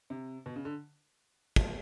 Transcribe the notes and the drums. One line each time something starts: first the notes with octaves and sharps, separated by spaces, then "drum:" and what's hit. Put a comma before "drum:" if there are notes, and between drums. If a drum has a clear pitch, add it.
C3
B2
C#3
D3
F3, drum: kick